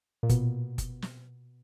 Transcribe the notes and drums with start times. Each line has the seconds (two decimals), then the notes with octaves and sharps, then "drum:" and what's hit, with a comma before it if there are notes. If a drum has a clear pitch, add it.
0.23 A#2
0.29 B2, drum: kick, hi-hat
0.78 drum: kick, hi-hat
1.02 drum: snare